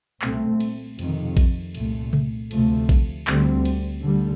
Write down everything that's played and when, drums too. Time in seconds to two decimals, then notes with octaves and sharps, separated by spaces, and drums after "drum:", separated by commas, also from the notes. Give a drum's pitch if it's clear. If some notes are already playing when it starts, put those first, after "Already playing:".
0.22 C2 A#2 A3 C4, drum: clap
0.60 drum: cymbal
0.99 F2 C3 D#3, drum: cymbal
1.37 drum: kick A#1, cymbal
1.75 C2 A#2 A3, drum: cymbal
2.13 drum: tom C3
2.51 D2 C3 F3 A3, drum: cymbal
2.89 drum: kick A#1, cymbal
3.27 D2 D3 G3 C4, drum: clap
3.65 drum: cymbal
4.03 D2 D3 G3